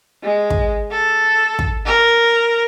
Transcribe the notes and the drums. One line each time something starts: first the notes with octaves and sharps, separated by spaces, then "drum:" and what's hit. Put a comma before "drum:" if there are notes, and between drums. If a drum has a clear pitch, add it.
G#3
drum: kick
A4
drum: kick
A#4